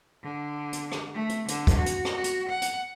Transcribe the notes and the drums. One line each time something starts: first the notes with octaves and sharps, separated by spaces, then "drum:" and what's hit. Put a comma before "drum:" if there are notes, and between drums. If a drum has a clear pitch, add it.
D3
drum: hi-hat
drum: rim click
A3
drum: hi-hat
D3, drum: hi-hat
drum: kick, hi-hat
F#4
drum: hi-hat
drum: rim click
F#4
drum: hi-hat
F#5
drum: hi-hat